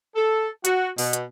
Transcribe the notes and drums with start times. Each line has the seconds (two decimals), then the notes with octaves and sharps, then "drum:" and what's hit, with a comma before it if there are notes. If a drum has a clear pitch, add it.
0.16 A4
0.65 F#4, drum: hi-hat
0.98 B2, drum: open hi-hat
1.13 drum: hi-hat